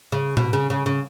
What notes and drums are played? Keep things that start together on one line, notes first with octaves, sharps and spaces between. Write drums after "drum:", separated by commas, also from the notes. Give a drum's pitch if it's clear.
C#3
B2, drum: tom A2
C#3
C#3
C#3